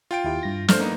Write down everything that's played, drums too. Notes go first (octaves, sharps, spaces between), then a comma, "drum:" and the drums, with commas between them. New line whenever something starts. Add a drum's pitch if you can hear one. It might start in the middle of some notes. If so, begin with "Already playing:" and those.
F4 G5 D7
D#2 E4 G4
G2 A#6
A3 D4 C5 F6, drum: snare
A#3 B3 D#4